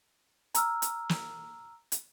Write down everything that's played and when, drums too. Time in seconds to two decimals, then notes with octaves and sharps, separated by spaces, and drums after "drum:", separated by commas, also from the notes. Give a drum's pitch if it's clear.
0.55 A#5 E6 F6, drum: hi-hat
0.82 drum: hi-hat
1.09 drum: snare
1.92 drum: hi-hat